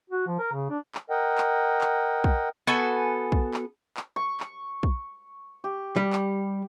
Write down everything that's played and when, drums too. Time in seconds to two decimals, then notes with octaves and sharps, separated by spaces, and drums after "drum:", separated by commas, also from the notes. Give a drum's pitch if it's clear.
0.10 F#4
0.27 F3
0.39 A#4
0.52 C#3
0.70 D4
0.95 drum: clap
1.10 A#4 D#5 F#5 G5
1.38 drum: clap
1.81 drum: clap
2.24 drum: kick
2.67 B3 F#4 A4 G#5
3.32 drum: kick
3.54 drum: clap
3.97 drum: clap
4.16 C#6
4.40 drum: clap
4.83 drum: kick
5.64 G4
5.96 G3
6.13 drum: clap